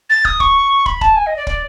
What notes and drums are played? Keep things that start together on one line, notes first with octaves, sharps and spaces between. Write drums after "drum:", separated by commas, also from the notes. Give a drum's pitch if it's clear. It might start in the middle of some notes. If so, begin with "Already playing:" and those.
A6
D#6, drum: kick
C#6, drum: kick
B5, drum: kick
A5, drum: kick
G#5
D#5
D5
D5, drum: kick